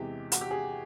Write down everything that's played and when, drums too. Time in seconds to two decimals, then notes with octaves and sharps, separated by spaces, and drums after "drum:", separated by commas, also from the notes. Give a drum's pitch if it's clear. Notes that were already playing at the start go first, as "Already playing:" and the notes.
Already playing: E2 C3 E3 G#3 G4
0.32 F#4, drum: hi-hat
0.41 G4
0.51 G#4